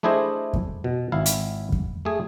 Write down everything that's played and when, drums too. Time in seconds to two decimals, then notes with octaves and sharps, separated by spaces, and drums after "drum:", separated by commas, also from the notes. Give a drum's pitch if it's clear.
0.03 A3 D4 E4 G#4 C5 D#5
0.53 drum: kick F2
0.84 B2
1.12 G#1 E4 F5
1.26 drum: hi-hat
1.72 drum: kick F2
2.05 A3 G#4